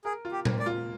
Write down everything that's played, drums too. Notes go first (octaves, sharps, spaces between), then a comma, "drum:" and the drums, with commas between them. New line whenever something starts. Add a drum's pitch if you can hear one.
G#4 A#4
F4
G4
A#3, drum: tom A#2
D5
F4